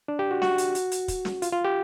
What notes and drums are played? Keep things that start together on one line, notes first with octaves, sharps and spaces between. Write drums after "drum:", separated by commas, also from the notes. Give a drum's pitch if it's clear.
D4
G4
F#4
F#4, drum: snare
drum: hi-hat
drum: hi-hat
drum: hi-hat
drum: kick, hi-hat
drum: snare
F4, drum: hi-hat
F4
G4